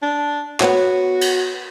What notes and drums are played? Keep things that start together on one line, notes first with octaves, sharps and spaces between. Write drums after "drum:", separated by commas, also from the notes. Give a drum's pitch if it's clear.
D4
B3 F#4 C#5, drum: clap
drum: cymbal